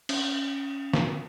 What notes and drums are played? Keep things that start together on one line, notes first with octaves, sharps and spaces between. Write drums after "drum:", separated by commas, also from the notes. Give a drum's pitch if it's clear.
C#4, drum: cymbal
drum: snare